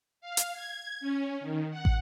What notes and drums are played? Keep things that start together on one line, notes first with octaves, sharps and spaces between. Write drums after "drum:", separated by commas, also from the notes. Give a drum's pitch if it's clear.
F5
drum: hi-hat
G#6
C#4
D#3
F#5
drum: kick